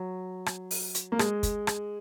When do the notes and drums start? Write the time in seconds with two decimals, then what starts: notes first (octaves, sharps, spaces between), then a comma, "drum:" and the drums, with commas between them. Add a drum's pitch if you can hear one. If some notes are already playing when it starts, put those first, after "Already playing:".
Already playing: F#3
0.46 drum: rim click
0.71 drum: open hi-hat
0.95 drum: hi-hat
1.12 A#3
1.19 G#3, drum: rim click
1.43 drum: kick, hi-hat
1.67 drum: rim click